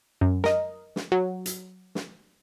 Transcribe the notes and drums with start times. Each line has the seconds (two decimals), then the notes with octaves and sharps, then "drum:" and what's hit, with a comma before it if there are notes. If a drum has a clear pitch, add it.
0.21 F#2
0.44 A#4 D#5, drum: snare
0.96 drum: snare
1.12 F#3
1.46 drum: hi-hat
1.95 drum: snare